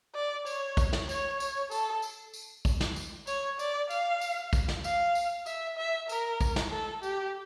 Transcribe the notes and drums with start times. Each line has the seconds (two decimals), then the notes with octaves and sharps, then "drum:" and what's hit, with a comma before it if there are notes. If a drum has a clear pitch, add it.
0.15 D5
0.46 C#5, drum: tambourine
0.77 drum: kick, tambourine
0.93 drum: snare
1.09 C#5, drum: tambourine
1.40 C#5, drum: tambourine
1.71 A4, drum: tambourine
2.02 drum: tambourine
2.34 drum: tambourine
2.65 drum: kick, tambourine
2.81 drum: snare
2.96 drum: tambourine
3.27 C#5, drum: tambourine
3.59 D5, drum: tambourine
3.90 F5, drum: tambourine
4.21 drum: tambourine
4.53 drum: kick, tambourine
4.68 drum: snare
4.84 F5, drum: tambourine
5.15 drum: tambourine
5.46 E5, drum: tambourine
5.78 E5
6.09 A#4, drum: tambourine
6.41 drum: kick, tambourine
6.56 drum: snare
6.72 A4
7.03 G4, drum: tambourine